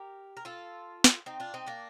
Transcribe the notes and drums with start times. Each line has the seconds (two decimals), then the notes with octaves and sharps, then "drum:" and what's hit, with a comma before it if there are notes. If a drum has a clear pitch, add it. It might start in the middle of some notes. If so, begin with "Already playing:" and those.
Already playing: G4 A#4
0.37 A#4
0.45 F4 A4
1.04 drum: snare
1.26 C4 D#4
1.40 D4 F4
1.54 C4 D#4
1.67 A#3 D4